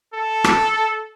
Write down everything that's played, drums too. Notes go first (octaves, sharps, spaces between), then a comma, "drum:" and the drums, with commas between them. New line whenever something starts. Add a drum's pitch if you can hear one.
A4
drum: rim click